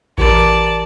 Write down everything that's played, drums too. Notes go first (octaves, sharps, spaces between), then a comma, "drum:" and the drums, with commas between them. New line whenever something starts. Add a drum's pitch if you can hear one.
E3 G4 A#4 D5 A5, drum: kick A1